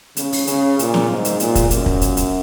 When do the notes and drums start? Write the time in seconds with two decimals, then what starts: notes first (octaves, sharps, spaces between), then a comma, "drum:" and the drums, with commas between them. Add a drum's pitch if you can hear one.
0.17 C#3, drum: hi-hat
0.32 drum: open hi-hat
0.47 C#3, drum: hi-hat
0.79 A#2, drum: hi-hat
0.94 drum: snare
1.10 G#2
1.25 drum: hi-hat
1.40 A#2, drum: hi-hat
1.55 drum: kick, hi-hat
1.71 F#2, drum: hi-hat
1.86 drum: kick
2.01 drum: hi-hat
2.17 drum: hi-hat